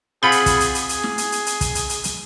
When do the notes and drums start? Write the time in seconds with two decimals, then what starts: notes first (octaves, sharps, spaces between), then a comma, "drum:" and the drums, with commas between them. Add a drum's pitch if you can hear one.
0.23 C4 F4 G#4 F#5 B5
0.32 drum: hi-hat
0.46 drum: kick, hi-hat
0.60 drum: hi-hat
0.75 G#4, drum: hi-hat
0.89 drum: hi-hat
1.03 drum: snare
1.18 drum: hi-hat
1.32 drum: hi-hat
1.46 drum: hi-hat
1.61 drum: kick, hi-hat
1.75 drum: hi-hat
1.89 drum: hi-hat
2.04 drum: hi-hat